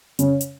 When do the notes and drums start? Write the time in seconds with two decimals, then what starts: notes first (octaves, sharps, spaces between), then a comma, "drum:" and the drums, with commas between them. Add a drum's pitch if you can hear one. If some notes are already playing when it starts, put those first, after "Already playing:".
0.19 C#3, drum: hi-hat
0.41 drum: hi-hat